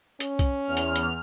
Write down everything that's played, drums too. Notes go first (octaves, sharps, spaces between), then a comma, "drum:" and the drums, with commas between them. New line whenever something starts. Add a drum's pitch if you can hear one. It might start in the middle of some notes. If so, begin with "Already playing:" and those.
C#4, drum: hi-hat
drum: kick B1, hi-hat
E2 F6
drum: hi-hat
drum: hi-hat